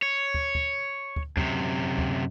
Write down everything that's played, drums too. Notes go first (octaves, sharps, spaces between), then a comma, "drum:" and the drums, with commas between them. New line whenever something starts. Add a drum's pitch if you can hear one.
C#5
drum: kick
drum: kick
drum: kick
F#2 C3, drum: kick
drum: kick